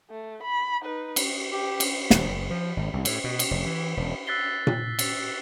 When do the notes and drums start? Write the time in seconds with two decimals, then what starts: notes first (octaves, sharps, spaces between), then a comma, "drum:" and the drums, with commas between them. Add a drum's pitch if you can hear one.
0.10 A3
0.43 B5
0.82 D#4 B4
1.16 drum: cymbal
1.52 G4
1.80 drum: cymbal
2.10 D#1, drum: snare
2.28 F#1
2.51 F3
2.77 G#1
2.93 C2
3.05 A2, drum: cymbal
3.24 B2
3.39 drum: cymbal
3.51 F1
3.66 E3
3.97 E1
4.27 E6 F#6 A6 B6 C7 G7
4.67 drum: tom A#2
4.99 drum: cymbal